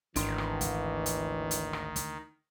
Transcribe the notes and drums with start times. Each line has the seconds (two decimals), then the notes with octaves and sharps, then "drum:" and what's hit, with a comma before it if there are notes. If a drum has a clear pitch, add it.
0.16 G#1 D2 D#3 E3 D4 C6, drum: hi-hat
0.38 drum: rim click
0.61 drum: kick, hi-hat
1.06 drum: hi-hat
1.51 drum: hi-hat
1.73 drum: rim click
1.96 drum: kick, hi-hat